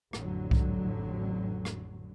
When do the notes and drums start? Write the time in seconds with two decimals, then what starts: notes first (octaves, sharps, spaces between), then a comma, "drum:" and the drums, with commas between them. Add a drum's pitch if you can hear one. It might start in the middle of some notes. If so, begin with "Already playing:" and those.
0.13 A1 F2 D3 F#3, drum: rim click
0.51 drum: kick C2
1.65 drum: rim click